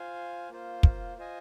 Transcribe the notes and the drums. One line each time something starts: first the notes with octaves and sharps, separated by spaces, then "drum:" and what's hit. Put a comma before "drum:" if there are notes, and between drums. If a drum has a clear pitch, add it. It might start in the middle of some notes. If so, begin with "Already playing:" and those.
Already playing: F4 C5 F5 G#5
A#3 F4 C5
drum: kick
F4 C5 D#5 G#5